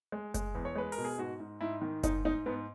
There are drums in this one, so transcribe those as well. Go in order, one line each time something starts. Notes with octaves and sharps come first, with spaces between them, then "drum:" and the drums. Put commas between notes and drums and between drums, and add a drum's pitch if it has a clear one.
G#3
G#3, drum: kick F#1, hi-hat
E2
C#5
G#3 B4
A#4, drum: open hi-hat
B2
G#4
G#2 F#4
G#2
G#2 E4
D#3
G#2 D#4, drum: kick F#1, hi-hat
G#2 D#4
G#2 B3